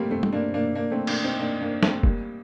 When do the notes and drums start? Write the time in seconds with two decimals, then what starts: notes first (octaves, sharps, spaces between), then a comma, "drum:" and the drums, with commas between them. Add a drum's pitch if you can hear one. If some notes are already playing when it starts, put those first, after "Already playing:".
Already playing: G3 A3 A#3 C4
0.11 A3 C4
0.23 drum: tom
0.33 A#3 D4
0.54 A#3 D4
0.75 A#3 D4
0.91 A3 C4
1.07 A#3 D4, drum: cymbal
1.24 C4 D#4
1.40 A#3 D4
1.61 A#3 D4
1.83 A3 C4, drum: snare
2.03 G3 A#3, drum: kick F1